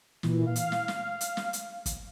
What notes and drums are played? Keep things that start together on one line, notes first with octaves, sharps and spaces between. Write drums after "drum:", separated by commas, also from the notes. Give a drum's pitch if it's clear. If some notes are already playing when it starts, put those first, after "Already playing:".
A#2 E3, drum: snare
F5
drum: hi-hat
drum: snare
drum: snare
drum: hi-hat
drum: snare
drum: hi-hat
drum: kick, hi-hat